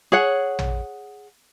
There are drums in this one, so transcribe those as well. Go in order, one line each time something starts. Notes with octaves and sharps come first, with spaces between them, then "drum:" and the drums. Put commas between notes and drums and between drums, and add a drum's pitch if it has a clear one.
G#4 C#5 F#5
drum: tom